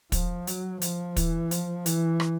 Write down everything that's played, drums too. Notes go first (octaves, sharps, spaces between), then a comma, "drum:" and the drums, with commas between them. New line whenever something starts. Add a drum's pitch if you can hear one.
F3, drum: kick, hi-hat
F#3, drum: hi-hat
F3, drum: hi-hat
E3, drum: kick, hi-hat
F3, drum: hi-hat
E3, drum: hi-hat
drum: rim click